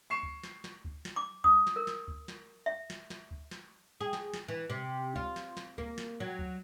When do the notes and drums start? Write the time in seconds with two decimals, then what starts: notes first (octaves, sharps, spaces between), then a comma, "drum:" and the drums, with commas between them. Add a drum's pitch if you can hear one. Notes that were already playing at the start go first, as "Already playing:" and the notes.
0.10 C#6 C7 E7
0.23 drum: kick D2
0.44 drum: snare
0.64 drum: snare
0.85 drum: kick D2
1.05 drum: snare
1.16 D6
1.44 D#6, drum: kick D2
1.67 drum: snare
1.76 A#4
1.87 drum: snare
2.08 drum: kick D2
2.28 drum: snare
2.66 E5
2.90 drum: snare
3.10 drum: snare
3.31 drum: kick D2
3.51 drum: snare
4.00 G#4
4.13 drum: snare
4.34 drum: snare
4.48 E3
4.70 C3
5.16 F4, drum: kick D2
5.36 drum: snare
5.57 drum: snare
5.78 A#3, drum: kick D2
5.98 drum: snare
6.20 F#3
6.39 drum: kick D2